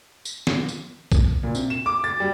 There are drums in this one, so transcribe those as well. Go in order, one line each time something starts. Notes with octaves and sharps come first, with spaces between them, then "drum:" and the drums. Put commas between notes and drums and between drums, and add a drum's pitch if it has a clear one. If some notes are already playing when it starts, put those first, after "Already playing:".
drum: tambourine
drum: snare
drum: tambourine
drum: kick, tambourine
A#2
C3, drum: tambourine
E7
D6
A6
G3